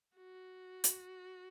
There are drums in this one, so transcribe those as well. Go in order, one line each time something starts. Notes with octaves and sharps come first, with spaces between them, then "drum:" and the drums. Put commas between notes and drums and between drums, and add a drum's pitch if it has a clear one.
F#4
drum: hi-hat